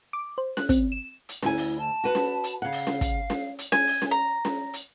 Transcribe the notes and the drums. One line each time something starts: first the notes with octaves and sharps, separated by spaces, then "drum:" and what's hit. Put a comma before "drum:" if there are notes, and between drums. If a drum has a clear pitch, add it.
D6
C5
F#6, drum: snare C#4
C4, drum: kick, hi-hat
E7
drum: hi-hat
D2 E4 G#5, drum: snare C#4
drum: open hi-hat
A5
F#4 B4 F#5
drum: snare C#4
drum: hi-hat
C#3 F5 F#5
drum: open hi-hat
drum: snare C#4
drum: kick, hi-hat
drum: snare C#4
drum: hi-hat
G#5, drum: snare C#4
drum: open hi-hat
drum: snare C#4
A#5
drum: snare C#4
drum: hi-hat